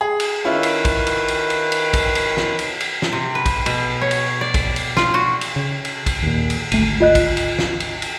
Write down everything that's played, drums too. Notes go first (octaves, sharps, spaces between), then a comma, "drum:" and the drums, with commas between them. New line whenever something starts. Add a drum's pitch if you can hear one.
G#4
drum: cymbal
D#3 C#4 E4 F4 B4
drum: cymbal
drum: kick, cymbal
drum: cymbal
drum: cymbal
drum: cymbal
drum: cymbal
drum: kick, cymbal
drum: cymbal
drum: snare
drum: cymbal
drum: cymbal
drum: snare
C3
B4
drum: kick, cymbal
B2, drum: cymbal
C#5
drum: cymbal
D5
drum: kick, cymbal
drum: cymbal
F4, drum: snare
F#4
drum: cymbal
C#3
drum: cymbal
drum: kick, cymbal
D#2 A#2
drum: cymbal
G#1 D2 A3 D#7, drum: cymbal
F4 D#5 F#6
drum: kick, cymbal
drum: cymbal
drum: snare
drum: cymbal
drum: cymbal